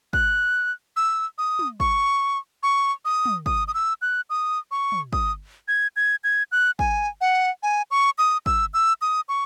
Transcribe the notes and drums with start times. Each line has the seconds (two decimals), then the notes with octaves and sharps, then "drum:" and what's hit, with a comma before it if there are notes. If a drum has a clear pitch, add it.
0.13 F#6, drum: kick
0.96 E6
1.38 D#6
1.59 drum: tom
1.80 C#6, drum: kick
2.63 C#6
3.05 D#6
3.26 drum: tom
3.46 D#6, drum: kick
3.68 D#6
3.74 E6
4.02 F#6
4.30 D#6
4.71 C#6
4.92 drum: tom
5.13 D#6, drum: kick
5.68 G#6
5.96 G#6
6.24 G#6
6.52 F#6
6.79 G#5, drum: kick
7.21 F#5
7.63 G#5
7.91 C#6
8.18 D#6
8.46 E6, drum: kick
8.74 E6
9.01 D#6
9.29 C#6